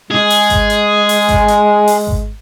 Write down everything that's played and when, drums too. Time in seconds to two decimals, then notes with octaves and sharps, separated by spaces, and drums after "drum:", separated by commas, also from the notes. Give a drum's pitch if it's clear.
0.11 G#3 G#4
0.30 drum: open hi-hat
0.50 drum: kick G#1, hi-hat
0.70 drum: hi-hat
1.09 drum: open hi-hat
1.29 drum: kick G#1, hi-hat
1.48 drum: hi-hat
1.88 drum: open hi-hat
2.07 drum: kick G#1